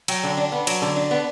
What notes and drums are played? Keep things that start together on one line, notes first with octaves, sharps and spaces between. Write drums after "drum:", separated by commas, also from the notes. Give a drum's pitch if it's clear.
F#3 G5, drum: cymbal
D3
D4
B3
F#3, drum: cymbal
D3
D4
B3